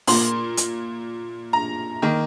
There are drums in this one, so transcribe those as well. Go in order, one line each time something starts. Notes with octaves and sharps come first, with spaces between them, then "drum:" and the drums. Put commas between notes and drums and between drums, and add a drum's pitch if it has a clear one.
A#2 A#3 C6, drum: open hi-hat
drum: hi-hat
A#5
D#3 A#3